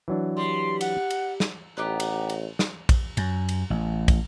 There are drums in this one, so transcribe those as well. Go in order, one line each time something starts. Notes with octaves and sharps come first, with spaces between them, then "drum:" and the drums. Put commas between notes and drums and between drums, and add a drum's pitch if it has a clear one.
E3 F#3 D4
G3 C6
F#5, drum: cymbal
drum: cymbal
drum: snare
A1 B3 D#4 G4
drum: cymbal
drum: cymbal
drum: snare
drum: kick, cymbal
F#2, drum: cymbal
drum: cymbal
A1
drum: kick, cymbal